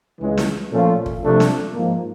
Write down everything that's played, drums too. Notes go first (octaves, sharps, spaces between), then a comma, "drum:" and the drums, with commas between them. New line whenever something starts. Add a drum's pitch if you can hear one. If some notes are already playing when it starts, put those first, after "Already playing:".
C#2 C#3 E3 G#3
drum: snare
A#2 F3 A3 C#4 F4
drum: kick
C3 F3 A3 D4
drum: snare
G#2 F3 A#3